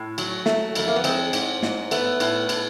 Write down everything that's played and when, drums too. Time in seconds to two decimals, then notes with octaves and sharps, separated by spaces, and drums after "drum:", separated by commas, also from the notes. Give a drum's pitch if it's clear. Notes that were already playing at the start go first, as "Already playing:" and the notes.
Already playing: A2
0.18 F#3, drum: cymbal
0.46 A3, drum: snare
0.75 F2 A3, drum: cymbal
0.88 A#3
0.96 B3
1.04 G#3 C4, drum: cymbal
1.33 G#2, drum: cymbal
1.63 G#2, drum: snare
1.91 A3 B3, drum: cymbal
2.20 A2, drum: cymbal
2.49 A2, drum: cymbal